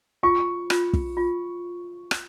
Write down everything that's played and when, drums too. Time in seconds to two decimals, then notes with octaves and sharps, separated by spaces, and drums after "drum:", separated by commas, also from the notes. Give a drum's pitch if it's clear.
0.23 F4 C#6
0.70 F4, drum: rim click
0.93 drum: kick
1.17 F4
2.11 drum: rim click